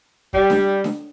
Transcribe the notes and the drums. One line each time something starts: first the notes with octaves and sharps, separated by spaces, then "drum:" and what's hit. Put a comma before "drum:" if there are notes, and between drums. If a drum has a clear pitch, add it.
G3, drum: kick
drum: snare D4
drum: snare D4